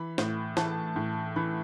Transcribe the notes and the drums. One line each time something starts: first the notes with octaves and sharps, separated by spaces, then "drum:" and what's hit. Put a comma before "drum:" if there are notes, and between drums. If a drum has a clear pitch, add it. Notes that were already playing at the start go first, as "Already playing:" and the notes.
Already playing: E3 B5
A2, drum: snare
E3 A5, drum: snare
A2
E3 B5